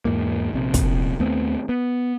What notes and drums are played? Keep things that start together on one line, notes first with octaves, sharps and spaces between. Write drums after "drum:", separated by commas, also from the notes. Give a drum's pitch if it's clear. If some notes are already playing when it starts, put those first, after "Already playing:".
E2 G#2 A#3
A#1 C3
drum: kick, hi-hat
D#2 A3 B3 C4
B3